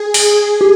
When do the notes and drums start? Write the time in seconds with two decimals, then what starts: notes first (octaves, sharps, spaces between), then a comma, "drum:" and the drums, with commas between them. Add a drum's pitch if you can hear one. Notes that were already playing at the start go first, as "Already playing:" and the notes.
Already playing: G#4
0.14 drum: open hi-hat
0.61 G4